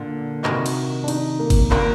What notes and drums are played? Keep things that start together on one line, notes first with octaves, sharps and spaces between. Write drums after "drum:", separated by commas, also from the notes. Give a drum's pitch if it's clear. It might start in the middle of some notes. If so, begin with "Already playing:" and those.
Already playing: A#2 D3
C3 D#3 F#4, drum: clap
drum: cymbal
D4
D#4, drum: cymbal
A#3
drum: kick G1, cymbal
A#2 D3 A#3, drum: clap